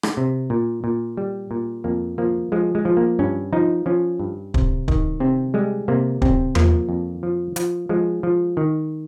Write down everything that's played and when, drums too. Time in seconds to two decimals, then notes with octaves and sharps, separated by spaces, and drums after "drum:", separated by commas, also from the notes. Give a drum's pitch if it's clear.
0.03 drum: rim click
0.17 C3
0.50 A#2
0.84 A#2
1.17 G3
1.51 A#2
1.84 F2 A#3
2.18 F3 A#3
2.52 F3 G#3
2.75 G#3
2.85 F3
2.97 A#3
3.19 G2 C#4
3.53 F3 D#4
3.86 F3 C#4
4.19 G2
4.54 C3, drum: kick
4.88 D#3, drum: kick
5.20 C3 C4
5.54 G3 G#3
5.88 C3 A#3
6.22 C3 C4, drum: kick
6.55 F3 A#3, drum: tom E2
6.89 F2
7.23 F3
7.56 F3, drum: hi-hat
7.89 F3 G#3
8.23 F3
8.57 D#3